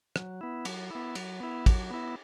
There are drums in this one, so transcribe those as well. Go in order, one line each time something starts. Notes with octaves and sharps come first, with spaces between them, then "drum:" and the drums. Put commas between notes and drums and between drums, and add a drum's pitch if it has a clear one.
F#3, drum: rim click
B3 E4
F#3, drum: cymbal
B3 E4
F#3, drum: cymbal
B3 E4
F#3, drum: kick, cymbal
B3 E4